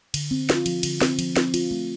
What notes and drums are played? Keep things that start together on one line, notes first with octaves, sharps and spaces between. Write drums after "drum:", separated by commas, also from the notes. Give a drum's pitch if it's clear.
D3, drum: cymbal
C4
F4, drum: snare
F3, drum: cymbal
D3, drum: cymbal
C4, drum: snare
F3, drum: cymbal
C4, drum: snare
F4, drum: cymbal
A3